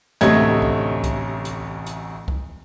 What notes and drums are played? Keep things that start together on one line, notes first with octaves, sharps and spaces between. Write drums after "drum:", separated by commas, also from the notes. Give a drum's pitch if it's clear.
A1 D2 C3 A3 D#5 G#6, drum: hi-hat
drum: kick C2
drum: kick C2, hi-hat
drum: hi-hat
drum: hi-hat
drum: kick C2